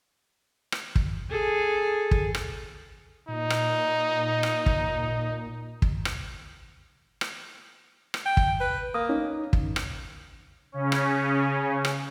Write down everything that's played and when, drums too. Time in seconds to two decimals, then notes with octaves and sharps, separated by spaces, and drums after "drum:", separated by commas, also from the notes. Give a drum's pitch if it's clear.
0.72 drum: rim click
0.96 drum: kick
1.30 G#4 A4
2.11 drum: kick
2.35 drum: rim click
3.29 A#2 D#4
3.50 drum: rim click
4.43 drum: rim click
4.66 drum: kick
5.82 drum: kick
6.05 drum: rim click
7.21 drum: rim click
8.14 drum: rim click
8.26 G5
8.37 drum: kick
8.60 B4
8.94 A#3 D#6
9.09 C#4 D#4
9.53 drum: kick
9.76 drum: rim click
10.72 C#3 C#4
10.92 drum: rim click
11.85 drum: rim click